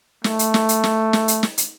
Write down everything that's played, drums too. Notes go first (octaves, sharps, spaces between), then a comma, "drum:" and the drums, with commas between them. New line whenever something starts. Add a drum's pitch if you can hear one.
A3, drum: snare
drum: hi-hat
drum: snare
drum: hi-hat
drum: snare
drum: snare
drum: hi-hat
drum: snare
drum: hi-hat